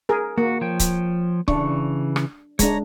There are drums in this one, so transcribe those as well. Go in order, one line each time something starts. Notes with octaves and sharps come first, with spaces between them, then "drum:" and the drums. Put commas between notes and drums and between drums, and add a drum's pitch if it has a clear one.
G#4 A#4
A#3 F#4
F3 C#5 G5
drum: kick C#1, hi-hat
C#3 E3 D4 C#6, drum: kick C#1
drum: rim click
G#3 D4 C#5 A#5, drum: kick C#1, hi-hat